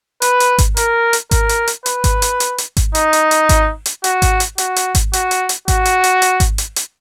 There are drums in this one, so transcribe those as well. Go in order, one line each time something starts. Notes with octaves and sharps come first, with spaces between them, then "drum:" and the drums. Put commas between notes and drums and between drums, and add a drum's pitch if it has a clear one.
B4, drum: hi-hat
drum: hi-hat
drum: kick G#1, hi-hat
A#4, drum: hi-hat
drum: hi-hat
A#4, drum: kick G#1, hi-hat
drum: hi-hat
drum: hi-hat
B4, drum: hi-hat
drum: kick G#1, hi-hat
drum: hi-hat
drum: hi-hat
drum: hi-hat
drum: kick G#1, hi-hat
D#4, drum: hi-hat
drum: hi-hat
drum: hi-hat
drum: kick G#1, hi-hat
drum: hi-hat
F#4, drum: hi-hat
drum: kick G#1, hi-hat
drum: hi-hat
F#4, drum: hi-hat
drum: hi-hat
drum: kick G#1, hi-hat
F#4, drum: hi-hat
drum: hi-hat
drum: hi-hat
F#4, drum: kick G#1, hi-hat
drum: hi-hat
drum: hi-hat
drum: hi-hat
drum: kick G#1, hi-hat
drum: hi-hat
drum: hi-hat